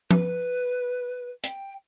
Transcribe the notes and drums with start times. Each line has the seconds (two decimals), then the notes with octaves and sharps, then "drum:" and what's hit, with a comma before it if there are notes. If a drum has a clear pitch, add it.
0.11 B4, drum: tom F3
1.44 G5, drum: hi-hat